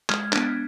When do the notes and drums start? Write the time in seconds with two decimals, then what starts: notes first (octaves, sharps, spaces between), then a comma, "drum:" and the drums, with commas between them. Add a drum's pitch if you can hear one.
0.09 G#3 F6 G#6, drum: clap
0.33 B3 D4, drum: clap